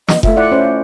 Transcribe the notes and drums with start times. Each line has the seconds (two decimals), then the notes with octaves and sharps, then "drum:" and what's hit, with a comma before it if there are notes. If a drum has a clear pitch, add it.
0.08 D#5, drum: snare
0.23 A3 F4 E5, drum: kick F1
0.36 E4 D5 F#5
0.52 C#4 C5